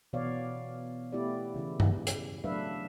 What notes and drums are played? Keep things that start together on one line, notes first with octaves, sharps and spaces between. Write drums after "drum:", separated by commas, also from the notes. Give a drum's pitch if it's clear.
B2 E3 B3 C#5 D5 F5
A3 B3 E4 G4 D5
C#3 E3 E4
drum: tom G2
drum: hi-hat
F#3 A3 D4 B4 E5 F5